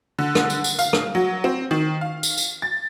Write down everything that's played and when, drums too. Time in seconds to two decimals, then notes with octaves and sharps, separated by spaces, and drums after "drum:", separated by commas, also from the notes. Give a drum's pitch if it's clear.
0.19 D3
0.35 drum: rim click
0.50 drum: tambourine
0.64 drum: tambourine
0.79 F5, drum: tambourine
0.93 drum: rim click
1.15 F#3
1.44 C4
1.71 D#3
2.01 F5
2.23 drum: tambourine
2.38 drum: tambourine
2.62 A6